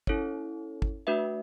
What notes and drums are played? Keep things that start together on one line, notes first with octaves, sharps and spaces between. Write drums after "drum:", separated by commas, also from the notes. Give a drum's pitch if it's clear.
C#4 E4 A4 C#5, drum: kick
drum: kick
A3 D4 F#4 B4 E5